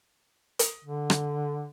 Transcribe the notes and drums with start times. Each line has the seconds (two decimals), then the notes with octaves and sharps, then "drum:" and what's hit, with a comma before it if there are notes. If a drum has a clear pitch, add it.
0.59 drum: hi-hat
0.84 D3
1.10 drum: rim click